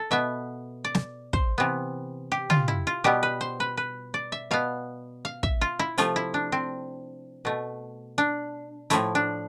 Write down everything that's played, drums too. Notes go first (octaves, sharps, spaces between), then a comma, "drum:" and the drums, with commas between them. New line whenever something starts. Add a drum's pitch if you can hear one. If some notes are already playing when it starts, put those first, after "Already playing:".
Already playing: A4
B2 B3 E5
D5
drum: snare
C5, drum: kick
C3 E3 B3
G4
F4, drum: tom
E4
F4
B2 G3 B3 G4
B4
C5
B4
B4
D5
E5
B2 B3 F5
F5
E5, drum: kick
F4
E4
C3 F3 A3 F4, drum: hi-hat
E4
D4
C4
B2 A3
D4
A2 F3 A3 E4, drum: hi-hat
D4